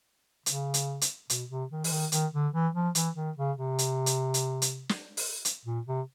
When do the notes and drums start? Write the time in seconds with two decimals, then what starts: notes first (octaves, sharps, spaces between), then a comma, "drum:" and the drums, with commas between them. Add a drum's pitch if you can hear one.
0.46 C#3, drum: hi-hat
0.74 drum: hi-hat
1.01 drum: hi-hat
1.30 B2, drum: hi-hat
1.50 C3
1.71 D#3
1.84 E3, drum: open hi-hat
1.91 D#3
2.12 D#3, drum: hi-hat
2.34 D3
2.54 E3
2.75 F3
2.95 E3, drum: hi-hat
3.16 D#3
3.37 C#3
3.57 C3
3.79 drum: hi-hat
4.06 drum: hi-hat
4.34 drum: hi-hat
4.62 drum: hi-hat
4.89 drum: snare
5.17 drum: open hi-hat
5.45 drum: hi-hat
5.65 A#2
5.87 C3